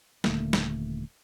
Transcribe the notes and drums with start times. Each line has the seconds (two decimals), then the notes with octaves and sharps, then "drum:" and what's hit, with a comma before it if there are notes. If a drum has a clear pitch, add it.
0.24 D#1 D3 A3 A#3, drum: snare
0.53 drum: snare